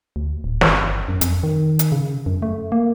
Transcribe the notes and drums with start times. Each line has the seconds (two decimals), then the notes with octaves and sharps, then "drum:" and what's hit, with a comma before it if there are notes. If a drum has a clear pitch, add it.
0.16 D2
0.44 D1
0.61 G1, drum: snare
1.08 F#2
1.21 F2, drum: hi-hat
1.43 D#3
1.79 drum: hi-hat
1.92 C#3
2.26 F#2
2.42 A3
2.72 A#3